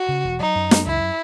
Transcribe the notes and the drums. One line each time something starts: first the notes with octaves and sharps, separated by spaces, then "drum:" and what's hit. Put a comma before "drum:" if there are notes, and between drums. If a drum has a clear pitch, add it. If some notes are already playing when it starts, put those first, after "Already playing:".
Already playing: F#4
C#3
E1
F#3 D#4
F#2
F#2, drum: snare
C#2 E4